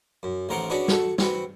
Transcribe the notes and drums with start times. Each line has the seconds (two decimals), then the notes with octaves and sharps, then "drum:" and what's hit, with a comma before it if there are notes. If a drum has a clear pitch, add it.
0.23 F#2
0.49 A1 D#3 A#4 C5 F#5
0.70 C#4 D4 F#4 G#4 B4
0.88 F#4 A4, drum: snare
1.18 C4 F#4 B4, drum: snare